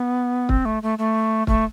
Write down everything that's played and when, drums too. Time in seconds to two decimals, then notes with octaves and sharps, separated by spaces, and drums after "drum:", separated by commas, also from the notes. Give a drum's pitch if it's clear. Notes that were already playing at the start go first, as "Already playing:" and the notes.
Already playing: B3
0.49 C4, drum: kick
0.65 A3
0.83 A3
0.98 A3
1.47 A3, drum: kick